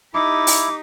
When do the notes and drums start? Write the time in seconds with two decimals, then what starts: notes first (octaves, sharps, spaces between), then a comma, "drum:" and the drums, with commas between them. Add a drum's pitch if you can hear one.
0.14 D#4 E4 G4 D6
0.47 drum: open hi-hat